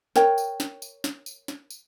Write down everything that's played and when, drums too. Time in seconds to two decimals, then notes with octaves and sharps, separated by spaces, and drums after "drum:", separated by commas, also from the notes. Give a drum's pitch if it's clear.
0.16 A#4 C#5 G5, drum: snare
0.38 drum: tambourine
0.60 drum: snare
0.82 drum: tambourine
1.04 drum: snare
1.26 drum: tambourine
1.48 drum: snare
1.70 drum: tambourine